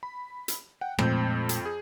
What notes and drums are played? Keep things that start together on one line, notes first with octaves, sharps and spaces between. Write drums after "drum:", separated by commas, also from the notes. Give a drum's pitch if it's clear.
B5
drum: hi-hat
F#5 G5
F2 A#2 G#3 A3 C4 G6, drum: rim click
drum: hi-hat
G#4